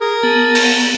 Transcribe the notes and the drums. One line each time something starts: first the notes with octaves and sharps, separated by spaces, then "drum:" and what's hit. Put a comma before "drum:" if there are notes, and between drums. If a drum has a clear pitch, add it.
G#4 A#4
B3 A5
drum: open hi-hat